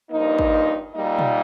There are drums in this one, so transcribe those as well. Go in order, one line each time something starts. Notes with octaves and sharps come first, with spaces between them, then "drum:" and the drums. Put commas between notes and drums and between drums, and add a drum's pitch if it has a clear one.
G2 F3 A#3 D#4
drum: kick G#1
A#2 G3 A#3 D#4
drum: tom